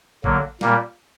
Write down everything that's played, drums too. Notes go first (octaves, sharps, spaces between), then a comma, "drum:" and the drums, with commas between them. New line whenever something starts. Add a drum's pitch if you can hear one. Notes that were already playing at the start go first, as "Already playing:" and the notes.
D3 F#3 A#3, drum: kick A1
A#2 G3 A#3, drum: snare G#3